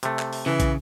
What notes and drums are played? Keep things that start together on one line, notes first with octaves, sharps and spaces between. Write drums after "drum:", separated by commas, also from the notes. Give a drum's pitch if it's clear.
C3 A3, drum: hi-hat
drum: clap
drum: open hi-hat
C#3 E3
drum: kick, hi-hat